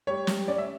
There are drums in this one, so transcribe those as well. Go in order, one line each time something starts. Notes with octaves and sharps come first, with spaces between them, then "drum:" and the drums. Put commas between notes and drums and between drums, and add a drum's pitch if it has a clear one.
G3 C#5
G3, drum: snare
C#4 D5
E5